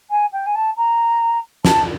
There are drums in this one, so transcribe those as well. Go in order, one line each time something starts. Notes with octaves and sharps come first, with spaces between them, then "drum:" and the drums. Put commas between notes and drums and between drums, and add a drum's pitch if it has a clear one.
G#5
G5
G#5
A5
A#5
A5, drum: snare